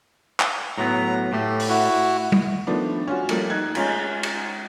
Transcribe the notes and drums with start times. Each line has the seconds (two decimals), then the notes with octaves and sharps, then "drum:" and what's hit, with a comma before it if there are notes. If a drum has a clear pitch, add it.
0.40 drum: clap
0.78 A2 F#3 B3 A#5
1.32 A2 A3 G4
1.59 drum: open hi-hat
1.69 E4 F#4
2.32 drum: tom
2.67 D#3 F3 A3 B3 D4
3.07 C#4 F4 F#4
3.29 F3 G3 A3 A#3 G4, drum: cymbal
3.50 D#4 F#6 G#6
3.75 G#3 C#4 F4 A#5, drum: cymbal
4.23 drum: cymbal